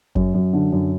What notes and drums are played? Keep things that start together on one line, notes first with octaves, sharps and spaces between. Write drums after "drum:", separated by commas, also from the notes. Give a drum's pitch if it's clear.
F#2, drum: kick F#1
F#2
D3
F#2